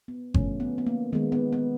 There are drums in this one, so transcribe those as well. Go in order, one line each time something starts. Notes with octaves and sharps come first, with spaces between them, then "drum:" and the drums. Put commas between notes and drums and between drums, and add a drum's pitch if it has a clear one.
B3
D3 F3 A3 C#4, drum: kick G1
B3
B3
A#3
D#3 G#3 B3
B3
B3